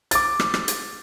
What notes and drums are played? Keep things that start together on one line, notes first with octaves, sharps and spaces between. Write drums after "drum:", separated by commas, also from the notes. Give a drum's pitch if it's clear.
D6 A6, drum: hi-hat
drum: rim click
drum: rim click
drum: hi-hat